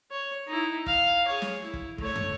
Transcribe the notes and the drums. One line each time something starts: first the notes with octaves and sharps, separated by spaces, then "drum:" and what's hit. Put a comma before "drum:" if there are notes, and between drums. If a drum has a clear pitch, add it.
C#5
D#4 E4
F5, drum: kick
G#4 C#5
drum: snare
E4
drum: kick
A3 C#5, drum: kick
drum: tom